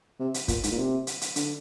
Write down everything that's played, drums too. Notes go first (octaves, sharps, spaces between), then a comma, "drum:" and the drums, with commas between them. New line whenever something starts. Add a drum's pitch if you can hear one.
C3
drum: hi-hat
A#2, drum: kick, hi-hat
G#2, drum: hi-hat
A#2
C3
drum: hi-hat
drum: hi-hat
D3, drum: hi-hat